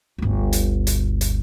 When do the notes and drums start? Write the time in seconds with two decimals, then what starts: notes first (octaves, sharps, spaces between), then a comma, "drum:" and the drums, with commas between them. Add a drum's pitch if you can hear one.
0.18 G1 D2
0.53 drum: hi-hat
0.87 drum: hi-hat
1.21 drum: hi-hat